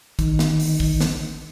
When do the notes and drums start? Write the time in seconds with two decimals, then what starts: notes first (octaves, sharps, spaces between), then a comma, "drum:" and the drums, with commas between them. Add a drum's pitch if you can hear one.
0.19 D#3, drum: kick, hi-hat
0.39 drum: snare
0.60 drum: open hi-hat
0.80 drum: kick
1.01 drum: snare